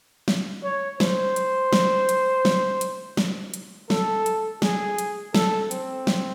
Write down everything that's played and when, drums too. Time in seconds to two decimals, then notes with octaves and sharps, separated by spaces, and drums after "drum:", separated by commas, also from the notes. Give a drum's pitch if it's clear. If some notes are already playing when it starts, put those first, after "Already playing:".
0.28 drum: snare
0.64 C#5
1.00 C5, drum: snare
1.36 drum: hi-hat
1.73 drum: snare
2.09 drum: hi-hat
2.45 drum: snare
2.81 drum: hi-hat
3.17 drum: snare
3.54 drum: hi-hat
3.90 A4, drum: snare
4.26 drum: hi-hat
4.62 G#4, drum: snare
4.98 drum: hi-hat
5.34 A4, drum: snare
5.71 C4, drum: hi-hat
6.07 drum: snare